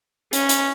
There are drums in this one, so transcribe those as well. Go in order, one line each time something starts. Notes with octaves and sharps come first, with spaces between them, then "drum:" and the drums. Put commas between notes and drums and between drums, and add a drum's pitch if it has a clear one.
C#4, drum: hi-hat
drum: hi-hat